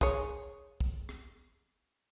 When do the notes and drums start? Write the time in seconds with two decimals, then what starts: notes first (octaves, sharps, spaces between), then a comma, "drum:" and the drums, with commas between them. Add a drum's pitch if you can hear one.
0.01 G#4 C#5, drum: kick
0.81 drum: kick
1.09 drum: rim click